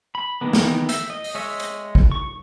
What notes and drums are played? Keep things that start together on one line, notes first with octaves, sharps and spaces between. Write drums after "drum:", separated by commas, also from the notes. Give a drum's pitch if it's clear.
B5
D#3 E3 G#3 A#3 B3
drum: snare
E5, drum: hi-hat
D#5
drum: open hi-hat
G#3 C#5 D#5 E5
drum: hi-hat
drum: kick
C#6